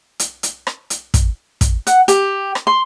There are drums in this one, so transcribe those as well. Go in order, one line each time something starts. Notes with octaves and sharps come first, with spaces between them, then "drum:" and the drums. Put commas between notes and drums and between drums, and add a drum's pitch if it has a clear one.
drum: hi-hat
drum: hi-hat
drum: rim click
drum: hi-hat
drum: kick, hi-hat
drum: kick, hi-hat
F#5, drum: hi-hat
G4, drum: hi-hat
drum: rim click
C6